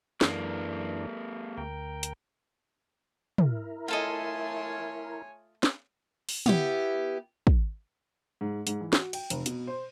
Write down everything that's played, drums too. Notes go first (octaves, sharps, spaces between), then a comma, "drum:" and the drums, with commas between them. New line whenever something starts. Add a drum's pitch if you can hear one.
F#2 E3 G#3 A#3 D4, drum: snare
D2 A#4 G5
drum: hi-hat
E4 A#4, drum: tom
A3 F4 A4 C#5 D#5 G#5 C6
drum: snare
drum: open hi-hat
B3 E4 G4, drum: tom
drum: kick
G#2
G#2, drum: hi-hat
E3
F#4, drum: snare
G5, drum: cymbal
F1, drum: hi-hat
B2, drum: hi-hat
C5